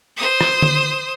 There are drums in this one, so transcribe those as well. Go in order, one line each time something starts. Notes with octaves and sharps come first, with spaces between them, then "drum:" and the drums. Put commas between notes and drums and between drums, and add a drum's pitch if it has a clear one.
C5 D#6
drum: rim click
drum: tom D3